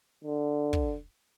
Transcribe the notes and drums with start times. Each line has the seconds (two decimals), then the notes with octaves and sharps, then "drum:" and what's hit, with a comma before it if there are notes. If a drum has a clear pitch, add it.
0.24 D3
0.73 drum: kick